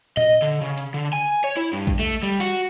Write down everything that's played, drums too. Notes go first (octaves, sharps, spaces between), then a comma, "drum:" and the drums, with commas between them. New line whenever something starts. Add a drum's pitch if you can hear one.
D#5, drum: tom A#2
D3
C#3
drum: hi-hat
D3
G#5
C#5
E4
G2
drum: kick A1
A3
G3
F#4, drum: open hi-hat